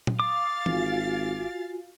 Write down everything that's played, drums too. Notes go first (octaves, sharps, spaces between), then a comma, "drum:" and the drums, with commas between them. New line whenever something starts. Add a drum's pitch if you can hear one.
drum: tom A#2
F5 D6 D#6 A6
G#1 F4 F#4 G#5, drum: tom E3